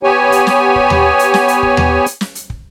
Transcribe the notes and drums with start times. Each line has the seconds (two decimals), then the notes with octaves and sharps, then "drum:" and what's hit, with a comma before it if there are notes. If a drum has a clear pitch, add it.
0.03 B3 G4 C#5 G#5
0.32 drum: hi-hat
0.47 drum: snare
0.76 drum: kick
0.90 drum: tom D#2
1.19 drum: hi-hat
1.34 drum: snare
1.48 drum: hi-hat
1.63 drum: kick
1.77 drum: tom D#2
2.06 drum: hi-hat
2.21 drum: snare
2.35 drum: hi-hat
2.50 drum: kick